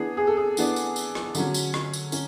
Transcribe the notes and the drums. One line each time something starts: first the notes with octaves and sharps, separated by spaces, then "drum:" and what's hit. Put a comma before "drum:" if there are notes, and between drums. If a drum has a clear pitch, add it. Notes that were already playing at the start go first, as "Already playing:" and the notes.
Already playing: E3 B3 D4 G#4
G#4
A4
G#4
E3 B3 D4, drum: tambourine
drum: tambourine
drum: tambourine
drum: rim click
D3 F#3 C#4, drum: tambourine
drum: tambourine
drum: rim click
drum: tambourine
C#4, drum: tambourine